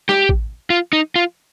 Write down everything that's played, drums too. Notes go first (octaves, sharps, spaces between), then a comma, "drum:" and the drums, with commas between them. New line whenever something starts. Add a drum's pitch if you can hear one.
G4, drum: snare
drum: kick A1
F4
D#4
F4